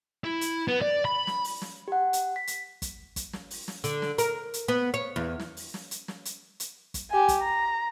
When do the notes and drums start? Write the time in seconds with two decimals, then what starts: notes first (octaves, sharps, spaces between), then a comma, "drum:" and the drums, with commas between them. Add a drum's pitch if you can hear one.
0.24 E4
0.41 drum: hi-hat
0.68 B3
0.82 D5
1.05 B5
1.27 drum: snare
1.44 drum: open hi-hat
1.62 drum: snare
1.88 G4 F#5
2.13 drum: hi-hat
2.36 B6
2.47 drum: hi-hat
2.82 drum: kick, hi-hat
3.16 drum: kick, hi-hat
3.33 drum: snare
3.50 drum: open hi-hat
3.68 drum: snare
3.84 D3, drum: hi-hat
4.02 drum: snare
4.18 A#4, drum: hi-hat
4.54 drum: hi-hat
4.68 B3
4.94 C#5
5.16 E2
5.39 drum: snare
5.57 drum: open hi-hat
5.74 drum: snare
5.91 drum: hi-hat
6.08 drum: snare
6.25 drum: hi-hat
6.60 drum: hi-hat
6.94 drum: kick, hi-hat
7.11 G4 G#5
7.28 drum: kick, hi-hat
7.42 A#5